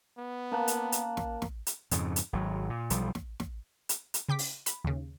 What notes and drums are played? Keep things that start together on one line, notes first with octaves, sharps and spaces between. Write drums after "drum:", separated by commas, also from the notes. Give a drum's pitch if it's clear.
B3
A#3 C#4 A5 F#6
drum: hi-hat
drum: hi-hat
drum: snare
drum: snare
drum: hi-hat
F2 G#2 C#3, drum: hi-hat
drum: hi-hat
G#1 F#3
A#2
B1 F3 G3, drum: hi-hat
drum: snare
drum: snare
drum: hi-hat
drum: hi-hat
C#3 G5 D6 B6
drum: open hi-hat
B5, drum: hi-hat
D#2 C#3